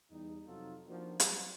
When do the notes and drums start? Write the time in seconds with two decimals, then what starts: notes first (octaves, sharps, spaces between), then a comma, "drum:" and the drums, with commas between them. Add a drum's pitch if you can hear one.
0.11 E2 G3 D#4
0.47 F2 C3 F#3 D#4 F4 A4
0.88 F3 A#3 D4 D#4 F#4
1.20 F#3 G3, drum: hi-hat